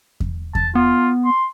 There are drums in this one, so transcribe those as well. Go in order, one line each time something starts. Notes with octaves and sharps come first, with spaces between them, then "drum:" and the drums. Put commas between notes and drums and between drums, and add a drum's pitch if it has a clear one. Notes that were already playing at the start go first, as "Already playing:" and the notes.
drum: kick E2
A5, drum: kick E2
B3 F4
C6